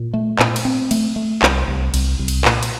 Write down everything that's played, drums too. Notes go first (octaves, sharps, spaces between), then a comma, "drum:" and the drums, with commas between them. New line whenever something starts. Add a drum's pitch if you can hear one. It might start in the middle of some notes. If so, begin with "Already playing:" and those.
Already playing: A#2
A3
A#2, drum: clap
drum: cymbal
C4
A3, drum: cymbal
A3
C2, drum: clap
C2
C2, drum: cymbal
C2
drum: cymbal
A#2, drum: clap
drum: cymbal